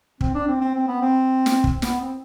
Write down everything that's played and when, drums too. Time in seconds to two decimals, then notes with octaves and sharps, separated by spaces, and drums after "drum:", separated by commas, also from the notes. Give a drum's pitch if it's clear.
0.21 C4, drum: kick
0.34 D4
0.47 C4
0.60 C4
0.74 C4
0.88 B3
1.02 C4
1.46 drum: snare
1.64 drum: kick
1.82 B3, drum: snare
2.00 C4